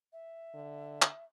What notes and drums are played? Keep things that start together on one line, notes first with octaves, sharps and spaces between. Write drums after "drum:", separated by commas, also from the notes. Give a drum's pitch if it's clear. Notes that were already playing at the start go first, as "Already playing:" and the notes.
E5
D3
drum: clap